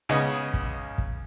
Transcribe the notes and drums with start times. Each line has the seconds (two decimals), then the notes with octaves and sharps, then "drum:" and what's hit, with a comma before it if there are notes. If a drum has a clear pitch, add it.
0.09 C#2 C#3 B3 D#5
0.54 drum: kick
0.98 drum: kick